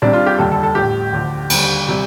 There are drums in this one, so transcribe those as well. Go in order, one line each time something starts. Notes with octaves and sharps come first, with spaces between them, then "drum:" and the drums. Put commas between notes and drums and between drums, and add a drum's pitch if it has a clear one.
C2 C3 G3 D4
F4
G4
F1 D#2 D3 G3 A4
A4
A4
A1 A2 F3 G4
D2 D3 F3
D#2 D3 G3, drum: cymbal
C3 G3